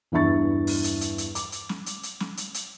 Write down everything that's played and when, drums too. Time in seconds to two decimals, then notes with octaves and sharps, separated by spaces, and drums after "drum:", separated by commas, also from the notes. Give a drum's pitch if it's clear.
0.12 E2 G2 E3 E5 C#6 A6
0.67 drum: open hi-hat
0.84 drum: hi-hat
1.01 drum: hi-hat
1.18 drum: hi-hat
1.35 D6, drum: hi-hat
1.52 drum: hi-hat
1.69 drum: snare
1.86 drum: hi-hat
2.03 drum: hi-hat
2.20 drum: snare
2.37 drum: hi-hat
2.54 drum: hi-hat